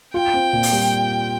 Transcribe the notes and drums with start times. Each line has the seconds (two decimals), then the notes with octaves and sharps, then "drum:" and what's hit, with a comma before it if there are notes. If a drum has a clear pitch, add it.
0.14 F4 G5
0.34 C4
0.53 A#2
0.63 drum: open hi-hat
0.72 G3